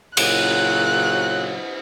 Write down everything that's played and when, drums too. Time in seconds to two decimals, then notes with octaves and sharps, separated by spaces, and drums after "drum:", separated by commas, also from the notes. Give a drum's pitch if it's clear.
0.17 A#2 C#3 F#3 F#6, drum: cymbal